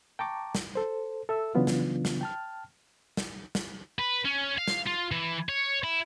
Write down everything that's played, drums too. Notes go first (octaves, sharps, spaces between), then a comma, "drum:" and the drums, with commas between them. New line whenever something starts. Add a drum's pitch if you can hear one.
G5 A5 A#5 C#6 D6
drum: snare
A4 C5
A4 E5 E6
C#3 E3 F#3 B3 D4 F4
drum: snare
drum: snare
G5 A5 F6
drum: snare
drum: snare
B4
C#4
F5
drum: snare
F4
E3
C#5
E4